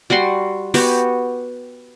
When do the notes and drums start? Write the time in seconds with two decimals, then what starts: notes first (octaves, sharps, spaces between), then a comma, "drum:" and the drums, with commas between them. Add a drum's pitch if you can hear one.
0.10 G3 F#4 F#5 C6
0.74 B3 F#4 G4, drum: open hi-hat